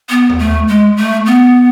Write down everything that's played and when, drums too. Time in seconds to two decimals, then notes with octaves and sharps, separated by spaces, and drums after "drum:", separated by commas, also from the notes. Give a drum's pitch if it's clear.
0.10 B3
0.29 drum: tom D#2
0.39 A3
0.68 G#3
0.97 A3
1.26 B3